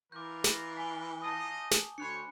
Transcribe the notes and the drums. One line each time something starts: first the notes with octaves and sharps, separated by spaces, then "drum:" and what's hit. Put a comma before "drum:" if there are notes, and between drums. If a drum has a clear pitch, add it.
E3 F4 A#4 D6 G6
drum: snare
G#5 B6 G7
D#4 F4 D#5 A5 D#6
drum: snare
D2 D4 C5 C#5 B5 F#6 C#7